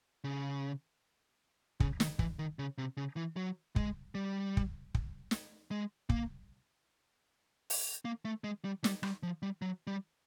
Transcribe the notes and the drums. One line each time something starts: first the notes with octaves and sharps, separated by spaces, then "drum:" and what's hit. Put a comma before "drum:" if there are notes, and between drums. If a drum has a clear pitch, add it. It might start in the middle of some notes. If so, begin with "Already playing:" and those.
C#3
C#3, drum: kick
D#3, drum: snare
E3, drum: kick
D#3
C#3
C3
C#3
E3
F#3
G#3, drum: kick
G3
drum: kick
drum: kick
drum: snare
G#3
A#3, drum: kick
drum: open hi-hat
A#3
A3
G#3
G3
G3, drum: snare
G3, drum: rim click
F3
G3
F#3
G3